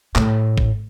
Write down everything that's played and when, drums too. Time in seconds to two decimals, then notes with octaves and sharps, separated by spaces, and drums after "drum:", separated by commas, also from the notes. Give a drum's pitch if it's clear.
0.15 A2, drum: clap
0.58 drum: kick